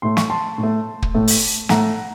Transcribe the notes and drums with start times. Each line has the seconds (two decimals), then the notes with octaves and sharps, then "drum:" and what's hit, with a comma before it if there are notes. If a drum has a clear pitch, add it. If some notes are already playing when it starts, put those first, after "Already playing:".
0.02 A2 A3 C6
0.17 C#6, drum: snare
0.30 A5 C6
0.58 A2
0.63 A3
1.02 drum: kick
1.15 A2 A3
1.28 drum: open hi-hat
1.69 A2 A3 F#5 A#5, drum: snare